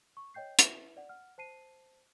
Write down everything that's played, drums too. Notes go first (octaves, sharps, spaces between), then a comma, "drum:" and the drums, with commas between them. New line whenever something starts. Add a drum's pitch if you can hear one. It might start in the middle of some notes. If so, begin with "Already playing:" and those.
C#6
C#5 D#5 G5 G6 C7
E4 B4 E5, drum: hi-hat
D5 F#5
F#5 F6
C5 A5 C7 D#7